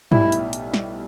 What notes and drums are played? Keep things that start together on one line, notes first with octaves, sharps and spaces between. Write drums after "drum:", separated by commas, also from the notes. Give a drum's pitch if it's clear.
B1 A2 G3 B3 E4, drum: tom
drum: hi-hat
drum: hi-hat
drum: snare